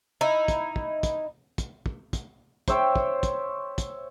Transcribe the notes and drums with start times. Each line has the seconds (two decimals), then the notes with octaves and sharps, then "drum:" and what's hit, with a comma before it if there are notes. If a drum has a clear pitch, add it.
0.21 D#4 E4
0.48 drum: kick, hi-hat
0.76 drum: kick
1.03 drum: kick, hi-hat
1.58 drum: kick, hi-hat
1.86 drum: kick
2.13 drum: kick, hi-hat
2.68 C5 C#5 E5 G5, drum: kick, hi-hat
2.96 drum: kick
3.23 drum: kick, hi-hat
3.78 drum: kick, hi-hat